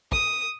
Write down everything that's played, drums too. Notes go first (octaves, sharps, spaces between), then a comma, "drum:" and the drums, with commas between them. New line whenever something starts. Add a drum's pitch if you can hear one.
D#6, drum: kick